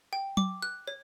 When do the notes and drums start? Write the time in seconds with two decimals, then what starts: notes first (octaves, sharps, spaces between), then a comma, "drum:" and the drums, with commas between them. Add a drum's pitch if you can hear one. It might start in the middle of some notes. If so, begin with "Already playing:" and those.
0.13 G5
0.37 D6, drum: tom F#3
0.62 F#6
0.87 C#5